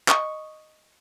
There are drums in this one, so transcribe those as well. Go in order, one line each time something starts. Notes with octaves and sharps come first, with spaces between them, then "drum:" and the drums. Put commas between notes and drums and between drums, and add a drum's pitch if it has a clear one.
D#5 C#6, drum: clap